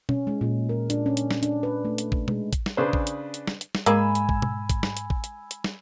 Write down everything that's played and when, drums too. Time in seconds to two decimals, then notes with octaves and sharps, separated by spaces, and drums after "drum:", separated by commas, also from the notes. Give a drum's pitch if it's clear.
0.09 C#4, drum: tom B2
0.27 G#3
0.41 A#2
0.69 A#4
0.90 D4, drum: hi-hat
1.06 C#4
1.17 drum: hi-hat
1.31 drum: snare
1.43 D4, drum: hi-hat
1.63 B4
1.85 A3
1.98 drum: hi-hat
2.12 drum: kick A1
2.28 G#3, drum: tom B2
2.53 drum: kick A1, hi-hat
2.66 drum: snare
2.77 C#3 D4 G#4 B4 C5
2.93 drum: kick A1
3.07 drum: hi-hat
3.34 drum: hi-hat
3.47 drum: snare
3.61 drum: hi-hat
3.75 drum: snare
3.86 G#2 G#3 A#3 G#4 G#5 B5 E6, drum: hi-hat
4.15 drum: hi-hat
4.29 drum: kick A1
4.42 drum: tom B2
4.69 drum: kick A1, hi-hat
4.83 drum: snare
4.97 drum: hi-hat
5.10 drum: kick A1
5.24 drum: hi-hat
5.51 drum: hi-hat
5.64 drum: snare